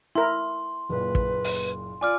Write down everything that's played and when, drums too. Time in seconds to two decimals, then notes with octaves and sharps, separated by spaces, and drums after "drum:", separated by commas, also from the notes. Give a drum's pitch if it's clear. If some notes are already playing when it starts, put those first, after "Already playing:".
0.15 E4 A#4 C6
0.89 F#1 A#2 B4
1.15 drum: kick
1.44 drum: open hi-hat
2.01 F4 D5 G#5 D6 F6